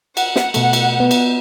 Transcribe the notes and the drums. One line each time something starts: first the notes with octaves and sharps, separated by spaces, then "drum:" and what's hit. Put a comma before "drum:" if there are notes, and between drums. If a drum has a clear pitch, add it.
F#5, drum: cymbal
drum: snare
B2 A3, drum: cymbal
drum: cymbal
B3
drum: cymbal